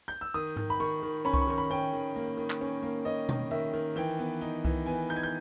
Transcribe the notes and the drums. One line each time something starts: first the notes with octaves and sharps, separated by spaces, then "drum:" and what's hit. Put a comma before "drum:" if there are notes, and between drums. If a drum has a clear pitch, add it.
G6
E6
D#3 D#6
D#3, drum: tom G#2
B5
D#3 C#6
D#3
C#4 B5
C#6, drum: kick C2
B5
D#3 C#6
B5
C#4 G5
D#3
A#3
D#3
drum: clap
C#4
A#3
C#4 D#5
D#3, drum: tom B2
D#3 E5
D#3
E3 G5
B3
D#4
E3, drum: kick C2
B3 G#5
D#4 G6
G#6
G6